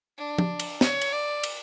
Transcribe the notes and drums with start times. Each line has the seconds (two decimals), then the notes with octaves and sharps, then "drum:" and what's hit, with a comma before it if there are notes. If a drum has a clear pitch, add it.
0.17 D4
0.38 drum: tom F3
0.59 drum: cymbal
0.81 C#5, drum: snare
1.01 drum: cymbal
1.12 D5
1.43 drum: cymbal